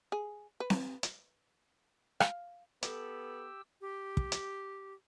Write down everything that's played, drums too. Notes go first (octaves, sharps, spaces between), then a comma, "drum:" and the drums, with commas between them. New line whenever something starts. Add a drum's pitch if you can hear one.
G#4
B4
drum: snare C4
drum: hi-hat
F5, drum: rim click
B3 G4 A4 E6, drum: hi-hat
G4
drum: kick
drum: hi-hat